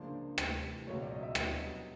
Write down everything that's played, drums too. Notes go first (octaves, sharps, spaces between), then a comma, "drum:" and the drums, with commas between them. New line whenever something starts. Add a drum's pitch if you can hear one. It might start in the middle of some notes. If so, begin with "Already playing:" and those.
Already playing: C#2 C#3 F3 A#3 D4 C5
C3 E3 A3, drum: rim click
C#2 B2 F#3 C#5
D5
D#5
E5
G2 D3 F#3 B3 D4 D#5, drum: rim click